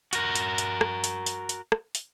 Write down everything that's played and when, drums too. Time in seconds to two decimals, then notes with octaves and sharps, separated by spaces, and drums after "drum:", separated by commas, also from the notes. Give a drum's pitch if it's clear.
0.13 F#4 A#4, drum: hi-hat
0.35 drum: hi-hat
0.58 drum: hi-hat
0.81 drum: rim click
1.04 drum: hi-hat
1.26 drum: hi-hat
1.49 drum: hi-hat
1.72 drum: rim click
1.95 drum: hi-hat